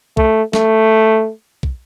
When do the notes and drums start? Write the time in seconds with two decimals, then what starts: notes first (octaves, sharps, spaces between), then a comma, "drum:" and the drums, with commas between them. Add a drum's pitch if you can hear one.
0.17 A3, drum: kick
0.53 A3, drum: snare
1.63 drum: kick